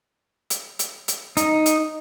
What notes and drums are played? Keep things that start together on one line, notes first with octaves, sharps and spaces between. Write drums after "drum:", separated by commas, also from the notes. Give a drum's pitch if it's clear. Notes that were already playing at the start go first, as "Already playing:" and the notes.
drum: hi-hat
drum: hi-hat
drum: hi-hat
D#4, drum: hi-hat
drum: hi-hat